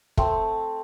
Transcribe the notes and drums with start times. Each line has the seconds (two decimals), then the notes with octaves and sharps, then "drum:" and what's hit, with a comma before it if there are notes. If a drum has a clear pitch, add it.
0.17 A3 C4, drum: kick